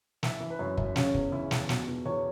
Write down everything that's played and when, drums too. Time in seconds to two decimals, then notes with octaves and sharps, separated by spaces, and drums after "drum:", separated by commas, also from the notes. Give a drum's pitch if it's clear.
0.23 E3 E5, drum: snare
0.40 E3
0.50 B4
0.59 F#2 C#5
0.77 F#2, drum: kick
0.96 C#3 C#4, drum: snare
1.14 E2, drum: kick
1.32 E3 E4
1.51 E2, drum: snare
1.69 B2, drum: snare
1.87 B2
2.05 E2 C#5